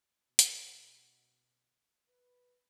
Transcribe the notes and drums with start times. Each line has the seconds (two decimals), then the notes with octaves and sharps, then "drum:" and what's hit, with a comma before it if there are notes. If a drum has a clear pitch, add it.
0.28 B2
0.39 drum: hi-hat
2.08 B4